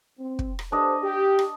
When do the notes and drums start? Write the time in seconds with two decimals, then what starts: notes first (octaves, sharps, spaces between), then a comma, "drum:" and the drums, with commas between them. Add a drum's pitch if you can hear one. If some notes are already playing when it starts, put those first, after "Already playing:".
0.19 C4
0.39 drum: kick
0.59 drum: rim click
0.72 D4 G4 A4 C5 D#5 A5
1.03 G4
1.39 drum: rim click